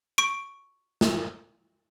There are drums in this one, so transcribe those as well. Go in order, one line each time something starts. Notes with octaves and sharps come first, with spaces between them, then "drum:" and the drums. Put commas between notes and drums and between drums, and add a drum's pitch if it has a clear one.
C#6 D7
drum: snare